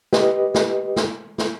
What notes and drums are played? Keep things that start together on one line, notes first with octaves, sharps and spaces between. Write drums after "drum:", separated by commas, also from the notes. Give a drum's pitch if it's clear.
G4 B4 D#5, drum: snare
drum: snare
drum: snare
drum: snare